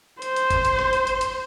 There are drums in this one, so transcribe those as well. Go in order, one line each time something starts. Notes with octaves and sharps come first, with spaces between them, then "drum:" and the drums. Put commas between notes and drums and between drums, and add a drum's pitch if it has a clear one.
C5, drum: hi-hat
drum: hi-hat
drum: kick G1, hi-hat
drum: hi-hat
drum: rim click
drum: hi-hat
drum: hi-hat
drum: hi-hat